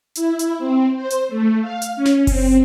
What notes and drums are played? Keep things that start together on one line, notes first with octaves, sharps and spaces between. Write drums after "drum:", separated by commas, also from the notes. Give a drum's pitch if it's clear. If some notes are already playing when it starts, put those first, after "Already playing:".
E4, drum: hi-hat
drum: hi-hat
C4
C5
drum: hi-hat
A3
F5
drum: hi-hat
C#4
drum: snare
C4, drum: kick F#1, open hi-hat